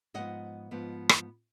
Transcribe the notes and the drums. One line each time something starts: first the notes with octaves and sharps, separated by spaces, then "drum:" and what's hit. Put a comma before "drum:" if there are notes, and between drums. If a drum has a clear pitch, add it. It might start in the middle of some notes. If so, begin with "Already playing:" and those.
G#2 F3 B3 D#5 F#5
G#2 F3 B3
drum: rim click